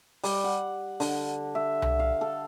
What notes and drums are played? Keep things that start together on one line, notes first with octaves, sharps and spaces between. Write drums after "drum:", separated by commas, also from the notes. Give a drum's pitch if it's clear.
G3, drum: open hi-hat
F#5
D3, drum: open hi-hat
E5
drum: tom C2
F5
A4